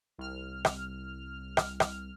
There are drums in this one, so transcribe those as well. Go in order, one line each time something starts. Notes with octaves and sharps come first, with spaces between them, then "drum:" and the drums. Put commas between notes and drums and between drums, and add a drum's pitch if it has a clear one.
C2 F6
drum: rim click
drum: rim click
drum: rim click